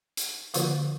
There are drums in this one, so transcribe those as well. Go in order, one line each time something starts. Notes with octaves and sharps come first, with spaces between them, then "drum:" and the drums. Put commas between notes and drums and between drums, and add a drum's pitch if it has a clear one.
drum: hi-hat
D3 F3 A#3, drum: hi-hat